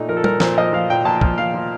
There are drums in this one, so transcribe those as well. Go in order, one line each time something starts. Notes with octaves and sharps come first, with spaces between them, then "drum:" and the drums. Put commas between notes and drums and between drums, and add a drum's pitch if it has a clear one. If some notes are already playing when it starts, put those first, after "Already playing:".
Already playing: A#2 A3 D#4
F3 A#4
A4
A#2 A#4, drum: tom G3
A#2 C5, drum: snare
F3 D#5
F3 F5
A#2 G5
A#2 A5
F3, drum: kick
F3 F5
F3